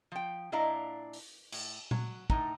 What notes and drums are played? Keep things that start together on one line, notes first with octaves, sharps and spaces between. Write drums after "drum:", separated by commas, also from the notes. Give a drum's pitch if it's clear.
F3 G5
A#2 D4 E4 D#5 F5 A#5
drum: open hi-hat
A2, drum: cymbal
F#3, drum: tom A#2
A2 D#4 A#5, drum: kick